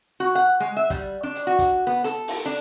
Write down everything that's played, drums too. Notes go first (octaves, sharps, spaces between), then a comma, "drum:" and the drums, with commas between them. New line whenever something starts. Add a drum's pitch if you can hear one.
F#4
F#5
G#3
E5
G3, drum: kick, hi-hat
D4
drum: hi-hat
F#4
drum: kick, hi-hat
B3
A4, drum: hi-hat
drum: open hi-hat
D4